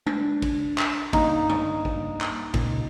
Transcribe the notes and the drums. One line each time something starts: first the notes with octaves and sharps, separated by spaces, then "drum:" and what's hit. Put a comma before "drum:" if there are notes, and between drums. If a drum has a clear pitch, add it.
D4, drum: tom G#3
drum: kick, cymbal
drum: clap
G2 A#3 D#4, drum: kick, cymbal
drum: tom
drum: kick
drum: clap
C#2 A#2, drum: kick, cymbal